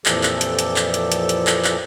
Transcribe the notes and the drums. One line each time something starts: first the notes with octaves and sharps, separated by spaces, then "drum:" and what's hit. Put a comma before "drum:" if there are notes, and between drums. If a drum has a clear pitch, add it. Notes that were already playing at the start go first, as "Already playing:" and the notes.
F2 A#2 E3 F3 G4 A4, drum: clap
drum: clap
drum: hi-hat
drum: hi-hat
drum: clap
drum: hi-hat
drum: hi-hat
drum: hi-hat
drum: clap
drum: clap